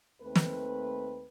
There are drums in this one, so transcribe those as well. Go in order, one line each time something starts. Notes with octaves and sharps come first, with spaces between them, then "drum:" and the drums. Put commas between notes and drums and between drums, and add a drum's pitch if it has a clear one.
D#2 A3 C4 B4
drum: snare